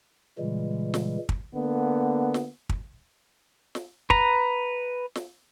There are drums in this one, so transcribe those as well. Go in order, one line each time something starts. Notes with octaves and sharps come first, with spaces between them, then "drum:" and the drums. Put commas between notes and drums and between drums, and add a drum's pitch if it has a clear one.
A#2 C#3 E3 G3 G#3
drum: snare
drum: kick
D3 A#3 B3
drum: snare
drum: kick
drum: snare
B4 A#5, drum: kick
drum: snare